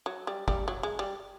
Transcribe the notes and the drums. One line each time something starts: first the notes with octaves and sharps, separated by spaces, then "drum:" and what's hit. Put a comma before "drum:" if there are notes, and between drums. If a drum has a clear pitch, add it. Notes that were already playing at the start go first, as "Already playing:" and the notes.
F#3
G3
G3, drum: kick G1
F#3
G#3
G3